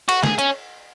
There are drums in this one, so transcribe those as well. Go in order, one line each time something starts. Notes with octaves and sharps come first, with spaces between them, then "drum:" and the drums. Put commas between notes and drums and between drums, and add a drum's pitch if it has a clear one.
F#4, drum: cymbal
G#4, drum: snare
C#4, drum: hi-hat